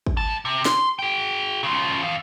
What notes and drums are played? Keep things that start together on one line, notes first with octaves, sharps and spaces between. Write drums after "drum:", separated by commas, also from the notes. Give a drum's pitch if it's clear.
drum: kick
G2 A5
C3
C6, drum: snare
G#4 G5
C#3 F3
F2 F5